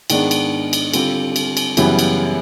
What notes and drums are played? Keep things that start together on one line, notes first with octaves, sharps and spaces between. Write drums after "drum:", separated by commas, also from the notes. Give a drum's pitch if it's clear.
G#2 D#3 G#3 B3 D4, drum: cymbal
drum: cymbal
drum: cymbal
D3 G3 C4 F4, drum: cymbal
drum: cymbal
drum: cymbal
F#2 C#3 E3 G3 B3, drum: cymbal
drum: cymbal